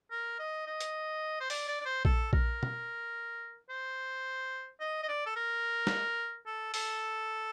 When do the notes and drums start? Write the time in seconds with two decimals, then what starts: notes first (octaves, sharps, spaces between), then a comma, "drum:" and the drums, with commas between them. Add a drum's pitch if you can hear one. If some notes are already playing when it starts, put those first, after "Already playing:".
0.11 A#4
0.39 D#5
0.67 D#5
0.80 drum: hi-hat
1.40 C5
1.50 D5, drum: open hi-hat
1.68 D5
1.81 D5
1.86 C5
2.05 A4, drum: kick A#1
2.33 A#4, drum: kick A#1
2.63 drum: tom
3.70 C5
4.80 D#5
5.03 D#5
5.08 D5
5.26 A4
5.36 A#4
5.87 drum: snare
6.46 A4
6.74 A4, drum: open hi-hat